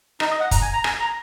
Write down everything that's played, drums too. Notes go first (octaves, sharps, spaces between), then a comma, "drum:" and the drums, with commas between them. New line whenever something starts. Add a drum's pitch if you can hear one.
D#4, drum: rim click
D#5
F#5
A#5, drum: kick, hi-hat
G#5
A#5
G#5, drum: rim click
A#5